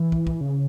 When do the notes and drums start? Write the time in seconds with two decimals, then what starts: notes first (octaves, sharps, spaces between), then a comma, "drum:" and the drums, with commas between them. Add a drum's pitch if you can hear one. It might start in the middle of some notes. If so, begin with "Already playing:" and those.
Already playing: E3
0.12 drum: kick
0.27 drum: kick
0.41 C#3